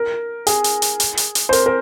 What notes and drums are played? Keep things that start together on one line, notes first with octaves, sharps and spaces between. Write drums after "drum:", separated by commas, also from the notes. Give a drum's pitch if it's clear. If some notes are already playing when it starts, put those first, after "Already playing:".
Already playing: A#4
G#4, drum: hi-hat
drum: hi-hat
drum: hi-hat
drum: hi-hat
drum: hi-hat
drum: hi-hat
C5
A#4, drum: hi-hat
A#4